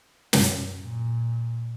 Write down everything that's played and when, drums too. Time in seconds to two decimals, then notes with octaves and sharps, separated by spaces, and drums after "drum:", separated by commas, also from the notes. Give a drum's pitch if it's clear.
0.33 F#2, drum: snare
0.79 A#2